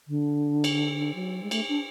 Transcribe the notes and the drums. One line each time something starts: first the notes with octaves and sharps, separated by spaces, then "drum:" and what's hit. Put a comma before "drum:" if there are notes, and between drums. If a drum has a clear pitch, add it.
D3
drum: cymbal
F#3
G#3
A3, drum: cymbal
D4